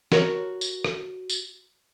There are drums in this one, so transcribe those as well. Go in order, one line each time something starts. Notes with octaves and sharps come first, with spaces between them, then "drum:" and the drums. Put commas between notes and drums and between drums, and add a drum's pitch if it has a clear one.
F#4 A#4 C#5, drum: snare
drum: tambourine
drum: rim click
drum: tambourine